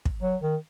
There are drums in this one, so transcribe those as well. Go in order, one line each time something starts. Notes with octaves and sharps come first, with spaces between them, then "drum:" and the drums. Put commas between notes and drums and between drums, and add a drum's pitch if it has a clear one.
drum: kick
F#3
D#3